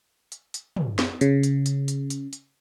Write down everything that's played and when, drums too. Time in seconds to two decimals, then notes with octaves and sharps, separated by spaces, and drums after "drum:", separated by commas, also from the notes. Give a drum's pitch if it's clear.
0.32 drum: hi-hat
0.54 drum: hi-hat
0.76 drum: tom
0.99 drum: snare
1.21 C#3, drum: hi-hat
1.43 drum: hi-hat
1.66 drum: hi-hat
1.88 drum: hi-hat
2.10 drum: hi-hat
2.33 drum: hi-hat